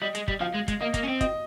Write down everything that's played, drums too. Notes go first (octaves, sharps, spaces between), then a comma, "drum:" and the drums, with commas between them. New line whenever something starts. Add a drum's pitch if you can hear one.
G3 D#5
G#3, drum: hi-hat
G3, drum: kick
F3 F5
G#3
G#3, drum: kick, hi-hat
A#3 D#5
A#3, drum: kick, hi-hat
C#4
C4
D#5, drum: kick, hi-hat